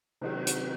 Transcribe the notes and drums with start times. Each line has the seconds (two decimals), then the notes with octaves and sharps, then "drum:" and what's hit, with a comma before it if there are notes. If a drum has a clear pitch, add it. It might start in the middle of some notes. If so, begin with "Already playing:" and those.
0.21 C3 D#3 F#3, drum: cymbal
0.47 drum: hi-hat